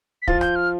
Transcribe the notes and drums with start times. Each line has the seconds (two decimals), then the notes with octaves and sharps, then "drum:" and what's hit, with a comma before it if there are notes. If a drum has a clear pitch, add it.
0.22 B6
0.28 F3 F4 A6, drum: kick
0.41 G6, drum: rim click
0.56 F6